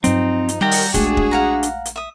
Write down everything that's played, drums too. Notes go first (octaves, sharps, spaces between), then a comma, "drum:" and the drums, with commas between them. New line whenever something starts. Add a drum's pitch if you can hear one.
G2 F3 F#3 C4 D#4, drum: hi-hat
drum: hi-hat
D#3 G3 G4 D5 E5 F#5 G5 A#5
drum: open hi-hat
A#1 G#3 A3 D4 F#4 G#4, drum: kick, hi-hat
drum: kick
F5 F#5 A#5
drum: hi-hat
drum: hi-hat
E5 D#6